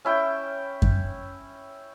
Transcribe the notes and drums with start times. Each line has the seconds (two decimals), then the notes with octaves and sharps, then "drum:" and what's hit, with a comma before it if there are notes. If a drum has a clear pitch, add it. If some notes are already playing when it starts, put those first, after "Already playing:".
0.05 C#4 E4 G5
0.82 drum: kick F#2